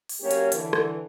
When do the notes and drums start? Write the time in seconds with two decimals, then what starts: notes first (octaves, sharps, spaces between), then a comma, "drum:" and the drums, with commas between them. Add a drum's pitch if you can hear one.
0.09 drum: open hi-hat
0.20 F#3 A#3 C#4 G4 C#5
0.31 drum: hi-hat
0.52 D3 E3, drum: hi-hat
0.73 drum: rim click